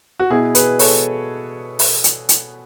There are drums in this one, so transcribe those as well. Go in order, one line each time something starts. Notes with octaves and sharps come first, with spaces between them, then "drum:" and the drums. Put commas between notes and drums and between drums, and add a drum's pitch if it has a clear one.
F#4
B2 E4 G#4
G#4 B4, drum: hi-hat
A4 C#5, drum: open hi-hat
drum: open hi-hat
drum: hi-hat
drum: hi-hat